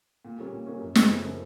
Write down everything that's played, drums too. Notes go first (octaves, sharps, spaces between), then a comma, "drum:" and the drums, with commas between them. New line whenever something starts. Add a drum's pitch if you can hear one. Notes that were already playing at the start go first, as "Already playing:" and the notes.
A#2
G3 A#3 C#4
A#2
G3 A#3 C#4
F#2
C#3 F3 A#3, drum: snare
F#2
C#3 F3 A#3